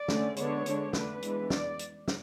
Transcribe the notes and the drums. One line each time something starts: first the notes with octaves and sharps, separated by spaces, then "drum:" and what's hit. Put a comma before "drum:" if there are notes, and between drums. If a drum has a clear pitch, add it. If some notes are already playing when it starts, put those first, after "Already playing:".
Already playing: D5
D3 A3 C#4, drum: snare
D3 G#3 B3 D4 C#5, drum: hi-hat
D3 G#3 D4, drum: hi-hat
D3 A3 D4 B4, drum: snare
E3 G#3 B3 D4, drum: hi-hat
D5, drum: snare
drum: hi-hat
drum: snare